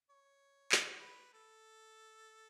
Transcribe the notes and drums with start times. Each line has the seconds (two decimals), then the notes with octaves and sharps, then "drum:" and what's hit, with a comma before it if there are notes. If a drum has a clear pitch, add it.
0.10 C#5
0.72 drum: clap
0.99 B4
1.33 A4